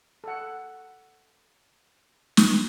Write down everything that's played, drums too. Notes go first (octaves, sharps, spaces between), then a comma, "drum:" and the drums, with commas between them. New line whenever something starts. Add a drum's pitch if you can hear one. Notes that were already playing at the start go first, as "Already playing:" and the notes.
A4 F#5
drum: snare